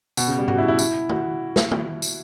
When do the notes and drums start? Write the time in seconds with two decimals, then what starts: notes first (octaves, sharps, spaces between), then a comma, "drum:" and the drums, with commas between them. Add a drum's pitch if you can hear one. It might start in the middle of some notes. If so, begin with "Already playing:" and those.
0.17 B2, drum: tambourine
0.27 C#3
0.38 G3
0.48 F#4, drum: tom G#2
0.58 E4
0.68 E4
0.79 E4, drum: tambourine
1.09 F#4, drum: tom
1.56 drum: snare
1.71 drum: tom
2.02 drum: tambourine